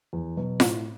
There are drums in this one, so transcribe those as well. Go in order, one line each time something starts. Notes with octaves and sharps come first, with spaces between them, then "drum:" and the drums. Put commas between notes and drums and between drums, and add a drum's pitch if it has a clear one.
E2
B2 F#3
A2, drum: snare F4